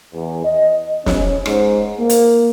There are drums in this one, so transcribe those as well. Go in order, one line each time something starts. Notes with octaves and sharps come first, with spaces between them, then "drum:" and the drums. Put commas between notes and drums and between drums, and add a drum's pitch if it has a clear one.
E2
D#5
C#4, drum: snare
G#2, drum: rim click
A#3
drum: hi-hat